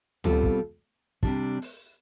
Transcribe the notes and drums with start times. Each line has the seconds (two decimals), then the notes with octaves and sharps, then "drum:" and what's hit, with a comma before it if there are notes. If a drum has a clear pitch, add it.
0.24 B2 G3 C4 F4 A4, drum: tom C#2
0.44 drum: kick
1.23 C3 G3 D4, drum: kick
1.62 drum: open hi-hat